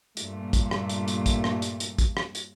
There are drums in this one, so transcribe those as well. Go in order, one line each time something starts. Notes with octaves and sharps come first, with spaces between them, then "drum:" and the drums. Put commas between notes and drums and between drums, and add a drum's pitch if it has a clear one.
G2 A#2 A3, drum: hi-hat
drum: kick, hi-hat
drum: rim click
drum: hi-hat
drum: hi-hat
drum: kick, hi-hat
drum: rim click
drum: hi-hat
drum: hi-hat
drum: kick, hi-hat
drum: rim click
drum: hi-hat